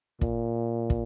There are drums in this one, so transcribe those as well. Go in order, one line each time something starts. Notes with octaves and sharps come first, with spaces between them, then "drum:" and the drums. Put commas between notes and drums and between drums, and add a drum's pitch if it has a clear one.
A#2, drum: kick
drum: kick